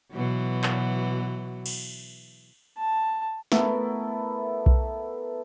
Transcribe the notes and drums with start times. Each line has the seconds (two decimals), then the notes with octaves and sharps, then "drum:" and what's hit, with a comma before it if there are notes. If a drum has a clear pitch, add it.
0.12 B2 E3 F#3
0.64 drum: clap
1.66 drum: cymbal
2.77 A5
3.52 A3 B3 E4 A#4, drum: snare
4.66 drum: kick B1